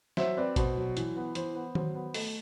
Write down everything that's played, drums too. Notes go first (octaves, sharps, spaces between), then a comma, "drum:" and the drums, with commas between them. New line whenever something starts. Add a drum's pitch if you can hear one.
F#3 C5 E5, drum: snare
C4 B4 D5
B2 C5, drum: kick G#1, hi-hat
F#3
E3, drum: hi-hat
B3
E3 C5, drum: hi-hat
B3
F#3 C5, drum: tom D#3
B3
A3, drum: open hi-hat